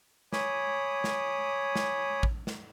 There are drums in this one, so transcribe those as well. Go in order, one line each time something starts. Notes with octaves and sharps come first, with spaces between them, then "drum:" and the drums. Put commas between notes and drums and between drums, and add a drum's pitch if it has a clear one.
C#5 G#5 B5 D6 D#6, drum: snare
drum: snare
drum: snare
drum: kick
drum: snare